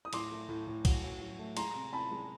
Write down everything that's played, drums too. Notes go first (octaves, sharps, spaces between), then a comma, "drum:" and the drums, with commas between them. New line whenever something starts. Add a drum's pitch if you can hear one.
D#6
A2 C6 D6, drum: cymbal
A3
A2
A2
F#3, drum: kick B1, cymbal
F#3
F#3
A3
G#3 A#5 C6, drum: cymbal
C3
C3 A5 B5
G#3